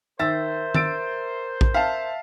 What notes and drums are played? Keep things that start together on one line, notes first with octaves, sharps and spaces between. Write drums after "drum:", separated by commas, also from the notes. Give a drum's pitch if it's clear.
D#3 A#4 C5 E5 E6 A6
E6 A6 D7, drum: tom D#3
drum: kick A#1
E5 F5 A5